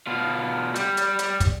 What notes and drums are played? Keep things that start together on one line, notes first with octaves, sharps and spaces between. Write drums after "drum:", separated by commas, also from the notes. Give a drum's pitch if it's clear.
B2 F4
G3, drum: hi-hat
drum: hi-hat
drum: hi-hat
drum: kick, hi-hat